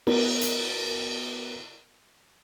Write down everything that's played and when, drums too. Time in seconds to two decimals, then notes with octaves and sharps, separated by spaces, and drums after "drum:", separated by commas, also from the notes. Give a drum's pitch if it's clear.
0.07 B3 F#4 A#4, drum: cymbal
0.41 drum: hi-hat